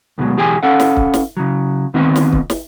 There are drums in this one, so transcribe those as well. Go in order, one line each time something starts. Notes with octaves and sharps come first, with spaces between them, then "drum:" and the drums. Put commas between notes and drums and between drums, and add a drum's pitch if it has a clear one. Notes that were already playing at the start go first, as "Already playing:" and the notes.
D2 B2 D#3 F#3 G#3
B1 E3 G4 G#4 G5 G#5
C#4 A4 F5 F#5
drum: snare
drum: kick C#1
drum: snare
C#3 F#3
D2 D#3 B3 C4 F4 D#5
drum: snare
drum: kick C#1
drum: snare